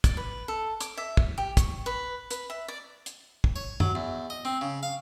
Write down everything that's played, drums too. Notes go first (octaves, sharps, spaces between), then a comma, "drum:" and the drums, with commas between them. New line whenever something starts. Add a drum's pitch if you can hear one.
D5, drum: kick, hi-hat
B4
A4
D6, drum: hi-hat
E5
drum: kick
G4
C#6, drum: kick, hi-hat
B4
B4, drum: hi-hat
E5
D5
drum: hi-hat
drum: kick
C#5
F#3, drum: tom
E2
D#5
C4
C#3
F5